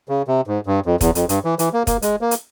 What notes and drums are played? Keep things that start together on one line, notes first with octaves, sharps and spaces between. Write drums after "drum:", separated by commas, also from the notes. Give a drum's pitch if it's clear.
C#3
C3
G#2
G2
F2
E2, drum: kick, hi-hat
F2, drum: hi-hat
G2, drum: hi-hat
E3
E3, drum: hi-hat
A#3
A#3, drum: kick, hi-hat
G#3, drum: hi-hat
A#3
drum: hi-hat